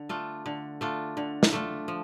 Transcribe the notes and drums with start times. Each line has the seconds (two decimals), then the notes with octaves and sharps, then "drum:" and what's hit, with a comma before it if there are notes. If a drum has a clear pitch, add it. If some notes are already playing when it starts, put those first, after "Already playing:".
Already playing: D3
0.09 A3 D4 F4
0.46 D3
0.81 A3 D4 F4
1.17 D3
1.43 drum: snare
1.52 A3 D4 F4
1.88 F3